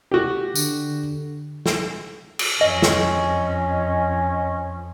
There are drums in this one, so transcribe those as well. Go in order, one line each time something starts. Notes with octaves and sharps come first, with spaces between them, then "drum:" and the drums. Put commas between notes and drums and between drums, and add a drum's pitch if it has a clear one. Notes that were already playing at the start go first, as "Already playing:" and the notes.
F#4 G4
D3, drum: tambourine
drum: snare
drum: cymbal
F2 C#4 D#5
drum: snare